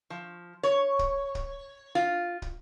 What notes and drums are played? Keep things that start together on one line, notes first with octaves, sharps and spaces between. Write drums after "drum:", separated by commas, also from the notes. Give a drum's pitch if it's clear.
F3
C#5
drum: kick
drum: kick
F4
drum: kick